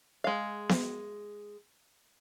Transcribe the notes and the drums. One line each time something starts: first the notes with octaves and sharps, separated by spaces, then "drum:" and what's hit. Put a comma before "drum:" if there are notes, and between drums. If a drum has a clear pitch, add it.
G#3 F5
drum: snare B3